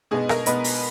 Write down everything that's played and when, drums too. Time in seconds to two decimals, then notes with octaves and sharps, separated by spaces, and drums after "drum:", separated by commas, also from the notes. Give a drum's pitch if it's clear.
0.11 B2 G#3 B3 D#4 G#4
0.29 A#4, drum: rim click
0.46 B2 G#3 B3 D#4 B4, drum: hi-hat
0.64 drum: open hi-hat